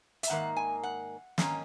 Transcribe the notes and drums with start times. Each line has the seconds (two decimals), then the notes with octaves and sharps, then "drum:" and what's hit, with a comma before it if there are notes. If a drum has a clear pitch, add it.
0.23 E5, drum: hi-hat
0.30 G#2 D#3 A#3 F#5
0.57 G#5
0.83 F#5
1.38 G#2 D#3 A#3 C#4, drum: snare